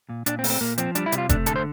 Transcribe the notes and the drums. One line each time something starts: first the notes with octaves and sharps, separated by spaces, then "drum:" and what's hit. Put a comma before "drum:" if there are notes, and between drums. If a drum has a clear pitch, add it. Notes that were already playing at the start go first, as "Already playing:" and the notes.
A#2
A#2 D4, drum: hi-hat
C4
A3, drum: open hi-hat
C4
A#2 A#3
F3 C4, drum: hi-hat
G3 D4, drum: hi-hat
E4
C3, drum: hi-hat
F4
A3 D4, drum: kick F1, hi-hat
D3 A4, drum: hi-hat
C5